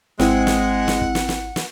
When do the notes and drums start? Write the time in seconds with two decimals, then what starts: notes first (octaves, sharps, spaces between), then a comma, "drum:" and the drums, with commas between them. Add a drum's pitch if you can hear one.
0.19 G#1 G#3 C4 E4 F#5, drum: snare
0.47 drum: snare
0.88 drum: snare
1.01 drum: kick
1.15 drum: snare
1.29 drum: snare
1.56 drum: snare